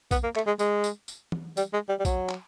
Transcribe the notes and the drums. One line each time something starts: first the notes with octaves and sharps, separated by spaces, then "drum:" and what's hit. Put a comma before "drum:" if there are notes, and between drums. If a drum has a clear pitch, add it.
B3, drum: kick B1, tambourine
A#3
A3, drum: clap
G#3
G#3, drum: tambourine
drum: tambourine
drum: tambourine
drum: tom E3
G3, drum: tambourine
G#3
G3
G3
F#3, drum: kick B1, tambourine
drum: clap